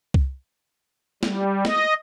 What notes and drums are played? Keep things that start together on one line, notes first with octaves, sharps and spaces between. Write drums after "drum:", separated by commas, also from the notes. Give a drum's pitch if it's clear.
drum: kick C2
G3, drum: snare
D#5, drum: snare